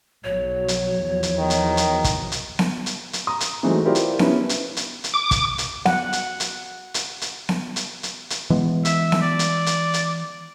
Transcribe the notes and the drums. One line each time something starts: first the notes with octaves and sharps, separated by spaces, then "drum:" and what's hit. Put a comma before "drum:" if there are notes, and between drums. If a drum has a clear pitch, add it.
B1 F#3 C#5
drum: hi-hat
E2 F3 F#3
drum: hi-hat
D#3
drum: hi-hat
drum: hi-hat
drum: kick, hi-hat
drum: hi-hat
drum: snare B3
drum: hi-hat
drum: hi-hat
A#5 D#6
drum: hi-hat
E3 F#3 G#3 A3 C4 D#4
E4 F4 G4 A#4 C5 D5
drum: hi-hat
B3 C#4 D4 E4, drum: snare B3
drum: hi-hat
drum: hi-hat
drum: hi-hat
D6
drum: kick, hi-hat
drum: hi-hat
F#5, drum: snare B3
drum: hi-hat
drum: hi-hat
drum: hi-hat
drum: hi-hat
drum: snare B3
drum: hi-hat
drum: hi-hat
drum: hi-hat
E3 G#3 B3
E5, drum: hi-hat
drum: snare B3
D5
drum: hi-hat
drum: hi-hat
drum: hi-hat